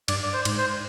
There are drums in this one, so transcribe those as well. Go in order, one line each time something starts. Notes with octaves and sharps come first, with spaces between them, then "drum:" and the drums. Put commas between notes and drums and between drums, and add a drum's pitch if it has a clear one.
G2 D5, drum: cymbal
D5
C5
G#2, drum: cymbal
C5